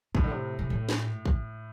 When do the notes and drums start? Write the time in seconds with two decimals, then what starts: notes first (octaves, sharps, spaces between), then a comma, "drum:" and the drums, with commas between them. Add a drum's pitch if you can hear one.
0.15 A2 C3, drum: kick
0.24 D3
0.31 C3
0.59 C3
0.70 A2
0.89 drum: snare
1.26 drum: kick